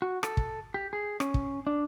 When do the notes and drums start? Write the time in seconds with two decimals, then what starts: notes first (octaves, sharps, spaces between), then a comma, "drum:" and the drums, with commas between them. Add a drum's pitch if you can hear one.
0.02 F#4
0.23 A4, drum: rim click
0.37 drum: kick
0.74 G4
0.93 G#4
1.20 C#4, drum: rim click
1.34 drum: kick
1.67 D4